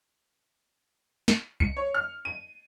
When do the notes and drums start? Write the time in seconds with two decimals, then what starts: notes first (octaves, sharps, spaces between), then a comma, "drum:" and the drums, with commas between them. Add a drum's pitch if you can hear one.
1.28 drum: snare
1.60 C#7, drum: kick C2
1.77 C#5
1.94 F6
2.25 D#7